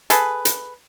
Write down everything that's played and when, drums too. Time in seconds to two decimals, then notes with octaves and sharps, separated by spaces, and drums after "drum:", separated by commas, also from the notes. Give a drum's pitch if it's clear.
0.10 G#4 A4 B4, drum: hi-hat
0.45 drum: hi-hat